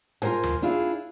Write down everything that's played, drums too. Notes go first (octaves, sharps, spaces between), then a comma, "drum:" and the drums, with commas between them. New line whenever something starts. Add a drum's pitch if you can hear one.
F4 F#4 A#4 C5 G#5, drum: rim click
drum: tom D#2
D4 E4 F4 G#4